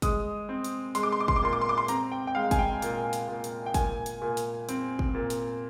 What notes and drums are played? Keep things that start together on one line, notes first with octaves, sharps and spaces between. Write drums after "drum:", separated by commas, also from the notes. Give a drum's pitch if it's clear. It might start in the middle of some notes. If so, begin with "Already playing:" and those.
G#3 D#6, drum: kick, hi-hat
C4
drum: hi-hat
G#3 C6, drum: hi-hat
D6
C6
D6
C6, drum: kick
D6
A#2 C6
D6
C6
D6
C6
C4 A#5, drum: hi-hat
G5
G5
G#3 F5
G#5, drum: kick, hi-hat
G5
A#2, drum: hi-hat
drum: hi-hat
A#2
drum: hi-hat
G5
A#2 G#5, drum: kick, hi-hat
drum: hi-hat
A#2
drum: hi-hat
C4, drum: hi-hat
drum: kick
A#2
drum: hi-hat